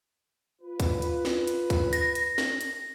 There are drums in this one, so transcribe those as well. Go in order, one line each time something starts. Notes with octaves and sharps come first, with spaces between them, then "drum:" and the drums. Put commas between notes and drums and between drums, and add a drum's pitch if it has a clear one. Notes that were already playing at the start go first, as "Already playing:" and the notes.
F4 B4
drum: kick, hi-hat
drum: hi-hat
drum: snare
drum: hi-hat
drum: kick, hi-hat
A#6, drum: hi-hat
drum: hi-hat
drum: snare
drum: hi-hat